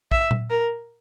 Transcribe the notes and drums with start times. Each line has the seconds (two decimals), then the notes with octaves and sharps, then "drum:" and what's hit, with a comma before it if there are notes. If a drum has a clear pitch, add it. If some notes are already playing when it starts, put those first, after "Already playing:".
0.12 E5, drum: kick A#1
0.31 drum: tom A#2
0.50 A#4